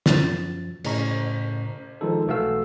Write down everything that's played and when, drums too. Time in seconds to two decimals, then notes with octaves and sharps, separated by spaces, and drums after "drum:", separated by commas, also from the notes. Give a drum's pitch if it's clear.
0.06 F#2 F3 A6, drum: snare
0.84 A2 C#3 C#4 A#5 C#6, drum: cymbal
2.01 D#3 F3 G#3 D#4 A4
2.27 B1 E3 A3 F#4 F5 E6